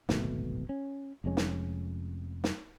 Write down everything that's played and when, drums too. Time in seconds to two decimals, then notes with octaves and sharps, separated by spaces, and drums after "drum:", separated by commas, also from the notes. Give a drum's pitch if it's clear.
0.09 D1 G#1 B2 A3, drum: snare
0.69 C#4
1.24 F1 F2 G#3 C#4
1.37 drum: snare
2.44 drum: snare